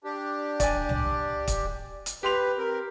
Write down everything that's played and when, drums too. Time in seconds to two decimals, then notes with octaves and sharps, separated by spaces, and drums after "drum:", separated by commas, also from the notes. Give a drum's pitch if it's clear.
0.04 D4 G4
0.60 D5 G#5, drum: kick, hi-hat
0.89 drum: tom C2
1.48 drum: kick, hi-hat
2.06 drum: hi-hat
2.23 G4 B4 C6 F7
2.58 C4 A#4